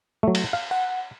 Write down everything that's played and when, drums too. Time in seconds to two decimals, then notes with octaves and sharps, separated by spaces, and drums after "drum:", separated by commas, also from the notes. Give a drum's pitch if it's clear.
0.23 F#3 A3
0.35 drum: cymbal
0.53 F5
0.71 F#5